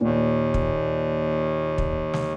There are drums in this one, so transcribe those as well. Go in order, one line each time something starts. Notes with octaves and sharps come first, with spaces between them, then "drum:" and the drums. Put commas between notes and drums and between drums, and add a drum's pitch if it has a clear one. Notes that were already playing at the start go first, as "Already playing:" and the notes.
D#2 A#2
drum: kick
drum: kick
drum: snare